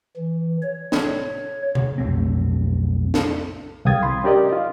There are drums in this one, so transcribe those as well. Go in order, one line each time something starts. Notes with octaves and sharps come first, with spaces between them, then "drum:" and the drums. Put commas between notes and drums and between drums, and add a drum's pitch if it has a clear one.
E3
C#5
drum: snare
drum: tom C3
B1 F2 A3 C4
drum: snare
C2 F5 G5 D#6 G#6 A6
B5 C6
C#4 G4 A#4 D5 D#5
F4